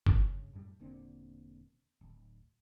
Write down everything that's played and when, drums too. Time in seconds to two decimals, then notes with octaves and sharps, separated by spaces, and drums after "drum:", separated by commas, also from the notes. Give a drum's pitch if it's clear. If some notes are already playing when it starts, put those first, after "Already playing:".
0.06 A#1 G2 C#3 C#4, drum: kick F#1
0.53 F#2 A2 G3
0.80 E1 A#2 D3 C4
2.01 D1